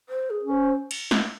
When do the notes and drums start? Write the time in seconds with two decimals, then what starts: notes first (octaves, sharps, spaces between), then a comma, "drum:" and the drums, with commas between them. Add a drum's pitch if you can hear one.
0.09 C5
0.30 G#4
0.43 C#4
0.50 C5
0.91 drum: cymbal
1.11 drum: snare